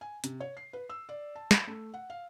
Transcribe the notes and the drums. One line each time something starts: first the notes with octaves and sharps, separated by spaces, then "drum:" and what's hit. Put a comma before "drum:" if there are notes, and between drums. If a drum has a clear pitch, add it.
G#5
C3, drum: hi-hat
C#5
C7
B4
E6
D5
A5
B5, drum: snare
A3
F#5
F5